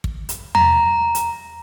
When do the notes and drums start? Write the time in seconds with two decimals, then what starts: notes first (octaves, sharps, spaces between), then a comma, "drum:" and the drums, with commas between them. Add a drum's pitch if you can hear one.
0.04 drum: kick
0.29 drum: hi-hat
0.55 A#5, drum: tom E2
1.15 drum: hi-hat